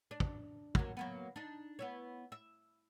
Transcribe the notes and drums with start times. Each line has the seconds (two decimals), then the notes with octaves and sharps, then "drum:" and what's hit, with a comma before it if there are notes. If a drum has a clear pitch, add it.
0.11 D4
0.20 drum: kick
0.75 F#3 A#3, drum: kick
0.97 F#3 A#3 B3
1.36 D4 D#4
1.79 B3 E4 C#5
2.32 E5